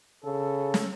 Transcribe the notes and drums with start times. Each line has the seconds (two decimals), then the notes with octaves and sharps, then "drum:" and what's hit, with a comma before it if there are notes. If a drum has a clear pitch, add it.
0.24 C#3 A4
0.74 drum: snare